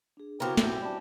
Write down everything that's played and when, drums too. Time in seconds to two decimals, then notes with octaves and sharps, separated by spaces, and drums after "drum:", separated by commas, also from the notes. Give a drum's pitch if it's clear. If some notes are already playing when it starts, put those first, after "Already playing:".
0.17 D4 G#4
0.40 C#3 F#3 B3 C4 E4 F#4 G4 A#4
0.57 B1 E2 A2 C4 C#4, drum: snare
0.82 G3 D4